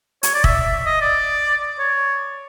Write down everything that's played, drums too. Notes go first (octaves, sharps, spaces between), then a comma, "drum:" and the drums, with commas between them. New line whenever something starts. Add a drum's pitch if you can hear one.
C#5, drum: hi-hat
D5
E5, drum: kick
D#5
D5
C#5